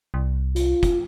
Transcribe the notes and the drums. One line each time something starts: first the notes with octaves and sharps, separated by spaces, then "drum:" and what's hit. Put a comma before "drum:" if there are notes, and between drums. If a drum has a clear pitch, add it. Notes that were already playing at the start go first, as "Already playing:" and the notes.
C2
F4, drum: hi-hat
drum: kick, hi-hat